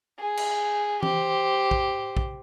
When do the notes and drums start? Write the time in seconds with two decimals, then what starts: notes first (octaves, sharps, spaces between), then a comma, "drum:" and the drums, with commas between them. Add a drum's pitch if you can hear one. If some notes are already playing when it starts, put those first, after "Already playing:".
0.19 G#4
0.37 drum: cymbal
1.03 G4 C5, drum: tom E3
1.71 drum: kick
2.17 drum: kick